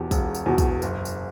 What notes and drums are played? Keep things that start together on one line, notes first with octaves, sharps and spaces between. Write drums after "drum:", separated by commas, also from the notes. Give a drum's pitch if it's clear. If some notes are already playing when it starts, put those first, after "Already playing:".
Already playing: E1 E2 B2 G4
E1, drum: kick, tambourine
drum: tambourine
E2 B2
drum: kick, tambourine
F#1, drum: tambourine
drum: tambourine